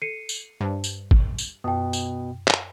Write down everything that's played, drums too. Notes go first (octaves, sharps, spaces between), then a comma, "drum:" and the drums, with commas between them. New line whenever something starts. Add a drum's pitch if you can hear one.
A4 C7 C#7 D#7
drum: tambourine
G2 C5 A5
drum: tambourine
drum: kick
drum: tambourine
F#2 B2 G5 A5 D#6
drum: tambourine
drum: clap